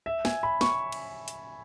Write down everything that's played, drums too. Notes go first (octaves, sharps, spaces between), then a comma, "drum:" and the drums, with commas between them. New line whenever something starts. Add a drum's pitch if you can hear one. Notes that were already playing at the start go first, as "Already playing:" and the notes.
E5
G#5, drum: snare
B5
C#6, drum: snare
drum: cymbal
drum: hi-hat